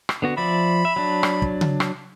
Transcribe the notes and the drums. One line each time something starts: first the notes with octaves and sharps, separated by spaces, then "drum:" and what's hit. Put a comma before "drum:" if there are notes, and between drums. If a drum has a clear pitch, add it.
drum: rim click
D3 B3 F#4
F3 D5 E5 B5
E5
F#3 D4
drum: rim click
drum: kick
drum: tom C#3
drum: rim click